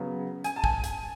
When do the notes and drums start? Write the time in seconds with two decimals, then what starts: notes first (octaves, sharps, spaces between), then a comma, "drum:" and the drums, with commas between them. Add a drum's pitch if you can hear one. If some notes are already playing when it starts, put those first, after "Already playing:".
Already playing: C#3 F#3 B3
0.44 G#5, drum: hi-hat
0.56 A5
0.64 G#5, drum: kick
0.84 G#5, drum: hi-hat